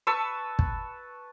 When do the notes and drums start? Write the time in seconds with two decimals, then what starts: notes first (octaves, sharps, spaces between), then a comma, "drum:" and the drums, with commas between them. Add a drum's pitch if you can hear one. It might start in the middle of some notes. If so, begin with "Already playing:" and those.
0.07 B4 A5 C#6 E6
0.59 drum: kick